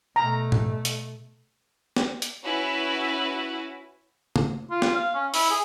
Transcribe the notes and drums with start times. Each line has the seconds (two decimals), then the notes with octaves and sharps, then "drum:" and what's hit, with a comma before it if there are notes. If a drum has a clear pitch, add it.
0.16 B2 A3 A#5
0.52 drum: tom G#2
0.85 drum: hi-hat
1.97 drum: snare
2.22 drum: hi-hat
2.44 C#4 E4 F#4 B4
4.36 drum: tom C#3
4.70 F4
4.82 drum: snare
4.95 F5
5.14 C#4
5.34 E4, drum: open hi-hat
5.50 G#4